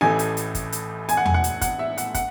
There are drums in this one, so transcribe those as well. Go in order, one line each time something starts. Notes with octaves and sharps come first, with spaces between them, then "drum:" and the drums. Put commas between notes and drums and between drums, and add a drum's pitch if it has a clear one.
A1 A2 E3 A3 G#5
drum: hi-hat
drum: hi-hat
drum: kick, hi-hat
drum: hi-hat
G#5, drum: hi-hat
F#5
G#5, drum: tom E2
F#5
drum: hi-hat
F#5, drum: kick, hi-hat
E5
F#5, drum: hi-hat
F#5, drum: kick, hi-hat